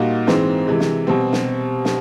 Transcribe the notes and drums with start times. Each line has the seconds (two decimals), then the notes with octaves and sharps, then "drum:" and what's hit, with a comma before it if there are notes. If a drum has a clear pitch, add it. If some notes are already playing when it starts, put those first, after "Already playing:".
Already playing: A#2 G3 A#3 D#4 F#4
0.27 G#2 E3 G#3 C4, drum: snare
0.67 C3 E3 G#3
0.80 drum: snare
1.07 B2 G3 C4
1.33 drum: snare
1.85 drum: snare